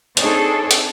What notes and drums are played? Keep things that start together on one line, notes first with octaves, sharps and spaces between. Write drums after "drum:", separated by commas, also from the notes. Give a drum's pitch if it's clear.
C4 D4 D#4 G#4 A4 C#5, drum: hi-hat
drum: hi-hat